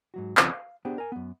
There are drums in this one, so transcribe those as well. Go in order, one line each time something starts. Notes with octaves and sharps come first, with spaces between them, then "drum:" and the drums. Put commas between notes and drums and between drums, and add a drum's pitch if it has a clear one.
G#2 F#3 F#4
D#2 C#3 F3 C4, drum: clap
F5
B3 D4 G4 G#4 C5
A#4 G#5
F#2 B3